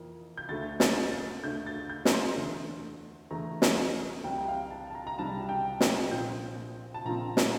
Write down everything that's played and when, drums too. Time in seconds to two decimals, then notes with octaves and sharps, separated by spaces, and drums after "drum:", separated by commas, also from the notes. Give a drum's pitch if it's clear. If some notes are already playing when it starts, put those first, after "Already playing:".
Already playing: F2 E3 A#3
0.38 G6
0.49 D2 D3 A3 A6
0.80 A6, drum: snare
1.12 A6
1.43 D2 D3 A3 G6
1.66 A6
1.90 G6
2.05 A#5, drum: snare
2.13 C6
2.36 E2 D3 A3
3.31 E2 D3 A3 A#5
3.62 drum: snare
4.24 C2 C3 G3 G5
4.41 G5
4.48 F5
4.71 A5
4.90 A5
4.95 A#5
5.07 A#5
5.19 C2 C3 G3 A5
5.49 G5
5.81 drum: snare
6.11 A#1 A#2 F3 C4 G6
6.94 A5
7.05 A#1 A#2 F3 C4 A#5
7.37 drum: snare